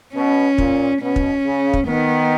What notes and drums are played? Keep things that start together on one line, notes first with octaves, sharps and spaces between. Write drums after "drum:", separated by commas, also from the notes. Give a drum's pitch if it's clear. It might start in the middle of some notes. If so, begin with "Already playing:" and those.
B2 C#4
A#2, drum: kick
B2 C#4
drum: kick
C#3
drum: kick
D#3 B3